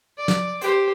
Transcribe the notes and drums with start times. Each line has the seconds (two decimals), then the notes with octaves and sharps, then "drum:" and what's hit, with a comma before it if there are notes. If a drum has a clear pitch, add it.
0.17 D5
0.28 drum: snare
0.61 G4 C5, drum: hi-hat